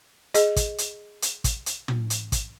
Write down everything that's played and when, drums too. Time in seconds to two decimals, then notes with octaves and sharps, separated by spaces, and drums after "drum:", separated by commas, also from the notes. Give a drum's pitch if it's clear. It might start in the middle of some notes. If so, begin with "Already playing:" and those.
0.34 G#4 D#5, drum: hi-hat
0.56 drum: kick, hi-hat
0.78 drum: hi-hat
1.22 drum: hi-hat
1.44 drum: kick, hi-hat
1.66 drum: hi-hat
1.88 drum: tom
2.10 drum: hi-hat
2.32 drum: kick, hi-hat